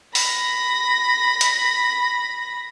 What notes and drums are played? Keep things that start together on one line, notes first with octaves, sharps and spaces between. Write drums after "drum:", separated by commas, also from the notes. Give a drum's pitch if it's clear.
B5 A#6, drum: open hi-hat
drum: hi-hat